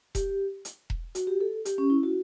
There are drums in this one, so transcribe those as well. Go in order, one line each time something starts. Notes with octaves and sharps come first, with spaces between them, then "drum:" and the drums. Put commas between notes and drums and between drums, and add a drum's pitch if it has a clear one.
G4, drum: kick E1, hi-hat
drum: hi-hat
drum: kick E1
F#4, drum: hi-hat
G4
A4
G4, drum: hi-hat
C#4
E4
F#4